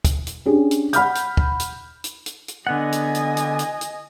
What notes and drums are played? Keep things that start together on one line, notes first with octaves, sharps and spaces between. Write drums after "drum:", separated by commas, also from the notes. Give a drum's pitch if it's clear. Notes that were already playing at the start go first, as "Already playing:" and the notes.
drum: kick, hi-hat
drum: hi-hat
C#4 D4 G4 G#4
drum: hi-hat
F#5 B5 F6 G6, drum: hi-hat
drum: hi-hat
drum: kick
drum: hi-hat
drum: hi-hat
drum: hi-hat
drum: hi-hat
D3 B3 D#5 F#5 G#5
drum: hi-hat
drum: hi-hat
drum: hi-hat
drum: hi-hat
drum: hi-hat